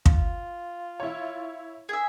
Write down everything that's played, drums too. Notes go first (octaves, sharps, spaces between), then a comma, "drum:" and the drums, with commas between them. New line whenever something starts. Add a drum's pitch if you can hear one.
F4, drum: kick
E4 C#5
G#4 E5